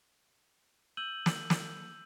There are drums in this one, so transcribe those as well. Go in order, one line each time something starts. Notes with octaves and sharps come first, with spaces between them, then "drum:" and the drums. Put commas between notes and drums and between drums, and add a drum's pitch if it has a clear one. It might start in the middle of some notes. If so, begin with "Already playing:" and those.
E6 G6 D#7 F#7 G7
drum: snare
drum: snare